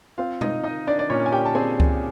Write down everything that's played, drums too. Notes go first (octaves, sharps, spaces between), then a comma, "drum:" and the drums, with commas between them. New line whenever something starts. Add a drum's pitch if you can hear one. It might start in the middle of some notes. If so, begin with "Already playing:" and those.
C4 F4 F5
D#4 D#5, drum: tom
D#4 D#5
D4 D5
D5
A#2 C#4 C#5
G#5
G4 G5
A5
C4 G#4 G#5
drum: kick C#2